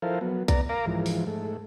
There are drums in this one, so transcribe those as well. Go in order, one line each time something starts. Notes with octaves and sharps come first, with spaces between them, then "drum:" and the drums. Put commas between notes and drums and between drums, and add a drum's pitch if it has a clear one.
F3 E4 A4 A#4 C5 F5
F#3 B3
B3 D5 A#5, drum: kick B1, hi-hat
A#4 F5 A#5 D6
G#2 E3 F3
drum: open hi-hat
G#2 A3